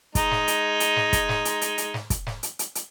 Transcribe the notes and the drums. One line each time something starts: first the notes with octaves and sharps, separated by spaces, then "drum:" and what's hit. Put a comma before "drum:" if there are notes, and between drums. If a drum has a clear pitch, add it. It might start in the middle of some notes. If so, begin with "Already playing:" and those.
G#3 D#4, drum: kick, hi-hat
drum: snare
drum: hi-hat
drum: hi-hat
drum: snare
drum: kick, hi-hat
drum: snare
drum: hi-hat
drum: hi-hat
drum: hi-hat
drum: snare
drum: kick, hi-hat
drum: snare
drum: hi-hat
drum: hi-hat
drum: hi-hat